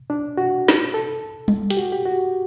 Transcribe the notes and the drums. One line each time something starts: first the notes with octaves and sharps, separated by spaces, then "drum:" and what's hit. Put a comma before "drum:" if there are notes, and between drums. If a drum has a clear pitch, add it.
D4
F#4
drum: snare
A4
drum: tom G3
G4, drum: hi-hat
F#4
G4
F#4